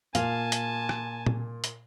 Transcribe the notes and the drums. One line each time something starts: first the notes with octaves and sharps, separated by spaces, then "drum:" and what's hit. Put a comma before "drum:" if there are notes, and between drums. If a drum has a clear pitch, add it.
A#2 F5 G#5 A5, drum: hi-hat
drum: hi-hat
drum: rim click
drum: tom A#2
drum: hi-hat